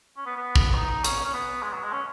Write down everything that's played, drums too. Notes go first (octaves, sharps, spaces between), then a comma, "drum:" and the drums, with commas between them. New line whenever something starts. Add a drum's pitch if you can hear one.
C#4
B3
B3
drum: kick
D#4
C#4, drum: hi-hat
C#4
B3
G#3
F#3
G#3
C#4